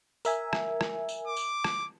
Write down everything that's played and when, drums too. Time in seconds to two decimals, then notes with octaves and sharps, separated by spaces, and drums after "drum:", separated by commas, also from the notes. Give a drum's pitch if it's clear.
0.25 A#4 E5 G#5, drum: tambourine
0.53 drum: rim click
0.81 drum: rim click
1.09 drum: tambourine
1.27 D6
1.37 drum: tambourine
1.64 drum: rim click